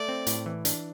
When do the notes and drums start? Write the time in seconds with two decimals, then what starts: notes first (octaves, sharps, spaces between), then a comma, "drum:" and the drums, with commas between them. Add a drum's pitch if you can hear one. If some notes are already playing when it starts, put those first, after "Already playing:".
Already playing: A3 D5
0.09 C4
0.27 A2, drum: hi-hat
0.46 E3
0.65 D4, drum: hi-hat